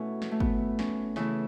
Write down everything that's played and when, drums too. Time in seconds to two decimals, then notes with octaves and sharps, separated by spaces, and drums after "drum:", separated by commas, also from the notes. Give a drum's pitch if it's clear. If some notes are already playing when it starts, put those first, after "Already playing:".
Already playing: B2 A3 C#4 E4 F#4 A4
0.22 drum: snare
0.31 A3
0.40 B3, drum: kick
0.79 C#4, drum: snare
1.16 C#3 E3 A3 E4, drum: snare